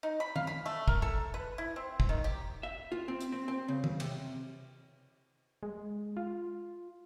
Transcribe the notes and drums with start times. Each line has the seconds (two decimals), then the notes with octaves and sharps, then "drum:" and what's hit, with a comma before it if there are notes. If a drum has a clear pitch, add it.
0.03 D#4
0.20 B5
0.36 F5, drum: tom
0.47 B5
0.66 A3
0.88 A#4, drum: kick
1.02 A4
1.34 B4
1.58 E4
1.76 C4
2.00 drum: kick
2.09 D#3
2.24 G4
2.63 E5
2.92 F4
3.08 C4
3.21 drum: hi-hat
3.32 C4
3.48 C4
3.68 C#3
3.84 drum: tom D#3
4.00 C3, drum: cymbal
5.63 G#3
6.17 F4